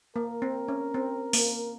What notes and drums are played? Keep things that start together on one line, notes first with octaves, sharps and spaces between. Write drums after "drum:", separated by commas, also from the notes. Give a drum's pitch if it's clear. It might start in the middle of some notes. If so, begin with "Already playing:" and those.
A#3 A#4
C4
C#4
C4
A#3, drum: open hi-hat